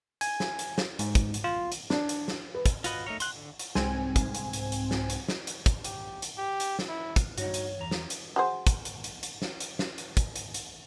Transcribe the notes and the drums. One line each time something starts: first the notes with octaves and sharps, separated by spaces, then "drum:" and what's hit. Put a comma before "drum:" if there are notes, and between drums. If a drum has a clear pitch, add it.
G#5, drum: hi-hat
drum: snare
drum: hi-hat
drum: snare
G#2, drum: hi-hat
drum: kick, hi-hat
drum: hi-hat
F4
drum: hi-hat
D4, drum: snare
drum: hi-hat
drum: snare
B4
drum: kick, hi-hat
F4 F#4 B4 D#5, drum: hi-hat
A3 D#4 A#4 C#5
C6 F#6, drum: hi-hat
D3
drum: hi-hat
C2 G#2 C4 G#5, drum: snare
drum: kick, hi-hat
drum: hi-hat
drum: hi-hat
drum: hi-hat
drum: snare
drum: hi-hat
drum: snare
drum: hi-hat
drum: kick, hi-hat
G4, drum: hi-hat
drum: hi-hat
G4
drum: hi-hat
drum: snare
E4
drum: kick, hi-hat
G2 D#4 F#4 C#5, drum: hi-hat
drum: hi-hat
E2 A#5
drum: snare
drum: hi-hat
F#4 G#4 C5
drum: kick, hi-hat
drum: hi-hat
drum: hi-hat
drum: hi-hat
drum: snare
drum: hi-hat
drum: snare
drum: hi-hat
drum: kick, hi-hat
drum: hi-hat
drum: hi-hat